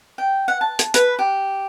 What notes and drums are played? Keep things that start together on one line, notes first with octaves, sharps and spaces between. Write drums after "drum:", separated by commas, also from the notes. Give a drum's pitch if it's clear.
G5
F#5
A5
drum: hi-hat
B4, drum: hi-hat
G4